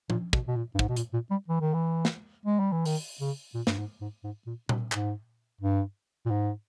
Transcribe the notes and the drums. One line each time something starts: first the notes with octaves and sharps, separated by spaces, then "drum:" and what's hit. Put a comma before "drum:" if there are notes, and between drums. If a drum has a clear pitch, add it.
A#2, drum: tom F3
B2, drum: kick
B2
A#2
G2
G#2, drum: kick
B2
A#2, drum: hi-hat
A#2
G3
E3
D#3
E3
drum: snare
G#3
G3
E3
D#3, drum: open hi-hat
C#3
A#2
G2, drum: snare
G#2
G#2
G#2
A#2
B2, drum: tom A#2
G#2, drum: clap
G2
A#2
G#2